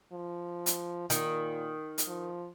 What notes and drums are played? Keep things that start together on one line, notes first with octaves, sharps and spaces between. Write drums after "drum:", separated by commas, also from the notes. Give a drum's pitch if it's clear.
F3
drum: hi-hat
A#2 D#3, drum: hi-hat
drum: hi-hat
F3